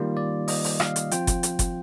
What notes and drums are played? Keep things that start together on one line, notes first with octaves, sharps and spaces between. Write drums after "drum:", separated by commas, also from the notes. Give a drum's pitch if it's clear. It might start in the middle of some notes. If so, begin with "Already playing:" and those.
Already playing: D#3 G3 A#3 F4
D5
D#5, drum: open hi-hat
drum: open hi-hat
F5, drum: rim click
drum: hi-hat
F3 C4 F4 G5, drum: hi-hat
drum: kick F#1, hi-hat
drum: hi-hat
drum: kick F#1, hi-hat